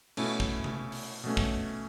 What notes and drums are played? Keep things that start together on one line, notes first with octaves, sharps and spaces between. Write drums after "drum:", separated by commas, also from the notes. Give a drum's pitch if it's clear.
B2 A3 C#4 E4, drum: cymbal
drum: kick
drum: tom C3
drum: open hi-hat
B2 A3 C#4
drum: kick